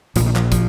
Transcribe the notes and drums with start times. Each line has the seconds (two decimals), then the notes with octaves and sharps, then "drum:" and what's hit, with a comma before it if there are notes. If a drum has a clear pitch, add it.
0.16 A#1 A#2 F3, drum: hi-hat
0.26 D#3
0.36 F3, drum: clap
0.52 F3, drum: kick, hi-hat